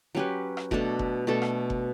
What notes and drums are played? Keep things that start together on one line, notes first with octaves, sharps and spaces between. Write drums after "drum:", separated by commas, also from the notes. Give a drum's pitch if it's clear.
F#3 C#4 G4 B4
drum: rim click
B2 A3 D4 A4, drum: kick F#1
drum: kick F#1
B2 A3 D4 A4
drum: rim click
drum: kick F#1